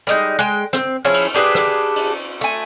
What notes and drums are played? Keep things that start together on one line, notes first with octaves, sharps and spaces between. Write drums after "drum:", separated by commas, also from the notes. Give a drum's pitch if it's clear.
G3 G#3 D#4
G#3 G5
C4, drum: rim click
F3 C#4 E4 G#4
drum: cymbal
D4 G4 G#4 B4
drum: rim click
drum: cymbal
A3 G#5